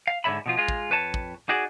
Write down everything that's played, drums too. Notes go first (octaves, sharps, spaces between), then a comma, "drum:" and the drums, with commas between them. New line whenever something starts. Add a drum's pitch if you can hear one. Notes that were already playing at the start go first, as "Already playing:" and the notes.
F5
G#2 D3 G#3 C#5 E5 B5
B2 F3 F4
G#3 F4
drum: kick
F2 B4 C#5 A5
drum: kick
D#4 F#4 G#4 D5